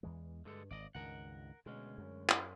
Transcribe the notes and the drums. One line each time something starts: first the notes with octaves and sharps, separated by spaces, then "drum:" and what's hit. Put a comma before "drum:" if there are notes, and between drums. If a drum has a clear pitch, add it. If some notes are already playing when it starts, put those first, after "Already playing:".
E2 E3 G#3
G2 D3 G#3 A4
G#1 D5 D#5
C#2 G2 D#3 A#4 F#5
D2 B2 G#3 C#4
F#2
drum: clap